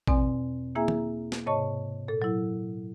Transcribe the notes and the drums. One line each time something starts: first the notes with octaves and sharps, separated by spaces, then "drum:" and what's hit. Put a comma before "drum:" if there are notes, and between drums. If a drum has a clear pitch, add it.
E2 B2 C4 D5 G#5, drum: kick A1
A#3 E4 G#4 E5 G#5 A#5
drum: tom
drum: snare
G#2 C3 C#5 D#5 A5 C#6
A#2 A4
F#3 E4